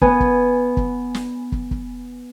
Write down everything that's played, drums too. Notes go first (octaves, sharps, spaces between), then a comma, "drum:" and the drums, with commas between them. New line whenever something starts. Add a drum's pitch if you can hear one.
B3 G#5, drum: kick
drum: kick
drum: kick
drum: snare
drum: kick
drum: kick